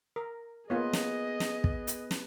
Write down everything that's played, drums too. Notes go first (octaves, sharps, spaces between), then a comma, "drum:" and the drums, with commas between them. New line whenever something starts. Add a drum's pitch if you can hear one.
A#4
A#3 B3 F4 G#4 C#5 D#5
drum: snare
drum: snare
drum: kick
drum: hi-hat
drum: snare